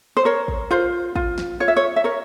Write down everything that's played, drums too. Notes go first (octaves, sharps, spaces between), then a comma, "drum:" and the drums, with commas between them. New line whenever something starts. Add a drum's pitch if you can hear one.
C5
A#4 C#5
drum: kick
F4 C5
F4, drum: kick
drum: snare
F4 C#5
E5
C#5
E5
A#4 C#5